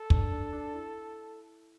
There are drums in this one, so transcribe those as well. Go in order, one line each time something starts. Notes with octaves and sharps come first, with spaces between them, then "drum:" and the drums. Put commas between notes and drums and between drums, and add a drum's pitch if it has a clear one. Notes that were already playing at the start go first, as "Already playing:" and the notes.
Already playing: A4
D4, drum: kick
D4
D4
E4